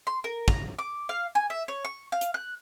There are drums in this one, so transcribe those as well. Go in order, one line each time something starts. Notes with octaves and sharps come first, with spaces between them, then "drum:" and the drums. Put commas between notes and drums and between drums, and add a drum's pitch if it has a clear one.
C6
A#4
A#5, drum: kick
D6
F5
G#5
E5
C#5
C#6
F5
drum: hi-hat
F#6